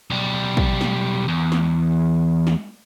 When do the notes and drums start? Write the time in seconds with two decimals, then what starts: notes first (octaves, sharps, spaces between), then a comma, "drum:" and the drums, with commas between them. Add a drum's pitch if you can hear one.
0.10 B1 G3
0.57 drum: kick
0.81 drum: snare
1.28 E2
1.52 drum: snare
2.47 drum: snare